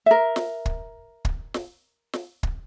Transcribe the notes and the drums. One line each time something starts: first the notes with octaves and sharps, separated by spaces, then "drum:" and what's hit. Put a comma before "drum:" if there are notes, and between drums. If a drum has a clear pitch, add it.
A#4 E5
drum: snare
drum: kick
drum: kick
drum: snare
drum: snare
drum: kick